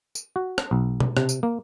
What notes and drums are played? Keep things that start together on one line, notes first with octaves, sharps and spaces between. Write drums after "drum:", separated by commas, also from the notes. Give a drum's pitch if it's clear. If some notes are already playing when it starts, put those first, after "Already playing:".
drum: tambourine
F#4
drum: rim click
B1
drum: tom B2
C3, drum: rim click
drum: tambourine
A#3